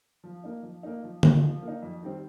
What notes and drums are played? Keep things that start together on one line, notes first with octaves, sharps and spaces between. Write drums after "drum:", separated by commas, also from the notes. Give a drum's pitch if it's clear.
F3
A#3 D#4
F3
A#3 D#4
F3
A#3 D#4, drum: tom D3
F3
A#3
D#4
F2
D#3 G3 C4